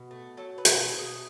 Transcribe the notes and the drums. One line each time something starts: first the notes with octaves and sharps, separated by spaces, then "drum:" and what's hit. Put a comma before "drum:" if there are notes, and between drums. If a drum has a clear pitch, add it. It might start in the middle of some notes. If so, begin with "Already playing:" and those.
Already playing: B2
A3
F#3 A4
B4
B2, drum: hi-hat
B4
A4
B2
G#4